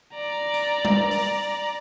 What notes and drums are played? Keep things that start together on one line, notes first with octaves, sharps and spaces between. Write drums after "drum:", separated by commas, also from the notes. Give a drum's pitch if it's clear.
D5 A#5
drum: cymbal
drum: tom
drum: open hi-hat